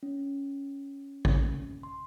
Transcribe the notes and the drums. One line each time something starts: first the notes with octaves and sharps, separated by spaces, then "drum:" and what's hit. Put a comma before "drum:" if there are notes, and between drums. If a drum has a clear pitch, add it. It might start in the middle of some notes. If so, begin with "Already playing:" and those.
C#4
drum: kick A1
C6